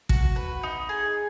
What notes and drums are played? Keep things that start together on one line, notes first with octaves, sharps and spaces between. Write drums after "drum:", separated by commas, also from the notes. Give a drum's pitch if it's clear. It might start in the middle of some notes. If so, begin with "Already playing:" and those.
F#4, drum: kick
B4
D#4
G#4